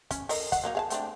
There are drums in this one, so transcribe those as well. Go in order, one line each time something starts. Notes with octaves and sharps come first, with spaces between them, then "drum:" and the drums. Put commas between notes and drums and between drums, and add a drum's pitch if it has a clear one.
C#4, drum: kick, hi-hat
A4 A#4 D#5, drum: open hi-hat
F#5, drum: kick, hi-hat
F#3 A#3 D#4
G#4 F5 A5
A3 C4 D4, drum: hi-hat